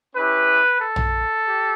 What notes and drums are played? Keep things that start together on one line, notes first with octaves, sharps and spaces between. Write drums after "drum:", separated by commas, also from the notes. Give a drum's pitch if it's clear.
C#4 E4 G4 B4
A4
drum: tom A#1
G4